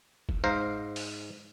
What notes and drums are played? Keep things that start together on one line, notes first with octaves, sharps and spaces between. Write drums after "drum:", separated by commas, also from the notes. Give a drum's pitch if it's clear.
drum: kick
G#2 C5 F5 A#5
drum: open hi-hat